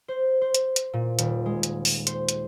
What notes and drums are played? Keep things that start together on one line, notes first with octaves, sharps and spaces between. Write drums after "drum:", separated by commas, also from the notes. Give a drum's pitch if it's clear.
C5
C5
drum: hi-hat
drum: hi-hat
A#2
D#1, drum: hi-hat
G#3
drum: hi-hat
drum: open hi-hat
C5, drum: hi-hat
drum: hi-hat